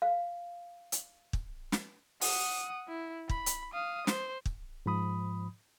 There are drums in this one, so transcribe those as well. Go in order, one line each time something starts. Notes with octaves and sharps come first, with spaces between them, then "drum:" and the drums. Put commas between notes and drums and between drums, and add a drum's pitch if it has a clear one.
F5
drum: hi-hat
drum: kick
drum: snare
F#5 D#6, drum: open hi-hat
E4
B5, drum: kick
drum: hi-hat
F5 D#6
C5, drum: snare
drum: kick
G#2 F3 B5 D#6